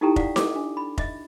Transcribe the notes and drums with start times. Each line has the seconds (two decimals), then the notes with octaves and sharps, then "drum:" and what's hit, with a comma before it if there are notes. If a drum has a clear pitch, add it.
0.01 D#4 E4 G4 A4 G5 A#5
0.16 D5 F5 F#5, drum: kick F1
0.36 A4 D6, drum: snare D#4
0.55 D4
0.77 B5
0.98 D#5 E5, drum: kick F1